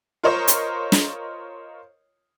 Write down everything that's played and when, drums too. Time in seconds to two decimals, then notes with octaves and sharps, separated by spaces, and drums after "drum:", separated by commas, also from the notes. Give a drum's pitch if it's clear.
0.23 F4 A#4 C5 C#5 D#5
0.48 drum: hi-hat
0.92 drum: snare